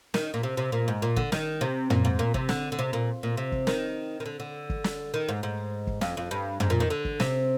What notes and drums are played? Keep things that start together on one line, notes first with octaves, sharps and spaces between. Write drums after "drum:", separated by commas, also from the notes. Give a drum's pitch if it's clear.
D#3, drum: snare
A#2
C3
C3
A#2
G#2
A#2
D3, drum: kick
D#3, drum: snare
C3
A#2, drum: tom
G#2
A#2
C3, drum: kick
D3, drum: snare
D3
C3
A#2
A#2
C3
drum: kick
D#3, drum: snare
D#3
D3
D3
drum: kick
drum: snare
D#3
G#2
G#2
drum: kick
F2, drum: snare
F2
G2
G#2, drum: tom
A#2
D#3
D3
drum: kick
C3, drum: snare